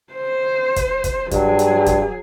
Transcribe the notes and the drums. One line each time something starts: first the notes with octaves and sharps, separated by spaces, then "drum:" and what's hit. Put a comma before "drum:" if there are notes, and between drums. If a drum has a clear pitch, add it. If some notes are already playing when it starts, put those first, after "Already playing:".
C5
drum: kick, hi-hat
drum: kick, hi-hat
G2 F#3 G#4, drum: kick, hi-hat
drum: hi-hat
drum: kick, hi-hat